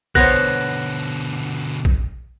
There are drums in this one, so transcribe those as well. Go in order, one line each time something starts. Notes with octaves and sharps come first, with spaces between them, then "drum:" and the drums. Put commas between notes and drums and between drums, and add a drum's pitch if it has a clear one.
B2 D3 B3 C5 C#5 F#6 A#6, drum: kick A#1
drum: kick A#1